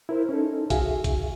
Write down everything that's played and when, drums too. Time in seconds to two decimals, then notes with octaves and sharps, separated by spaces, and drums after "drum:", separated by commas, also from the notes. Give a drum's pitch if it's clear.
0.09 E4 A#4 C5
0.29 C#4 D#4 A4
0.70 F#4 G#4 E5 F5 G#5, drum: kick, hi-hat
1.04 drum: kick, hi-hat